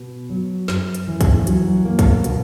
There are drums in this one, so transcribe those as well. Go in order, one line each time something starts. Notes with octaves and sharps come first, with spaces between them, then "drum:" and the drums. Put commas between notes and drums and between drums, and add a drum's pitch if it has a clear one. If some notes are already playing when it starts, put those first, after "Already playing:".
Already playing: B2
F#3
F#2, drum: snare
drum: hi-hat
E3
drum: kick, hi-hat
F#3, drum: hi-hat
A#3
drum: kick, hi-hat
B2, drum: hi-hat